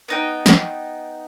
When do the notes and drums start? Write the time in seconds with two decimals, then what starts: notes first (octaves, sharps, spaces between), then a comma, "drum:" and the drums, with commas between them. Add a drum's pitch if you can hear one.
0.08 B3 D#4 G5
0.46 drum: snare